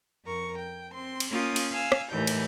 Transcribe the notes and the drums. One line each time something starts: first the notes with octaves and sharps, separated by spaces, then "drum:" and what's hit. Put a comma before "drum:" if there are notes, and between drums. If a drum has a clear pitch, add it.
F2 A#4 C#6
G5
C4 C6
drum: cymbal
A#3 C#4 F4 G5 D#6
drum: cymbal
F5 G#5 E6
drum: rim click
D#2 A2 E3 G3 G6
drum: cymbal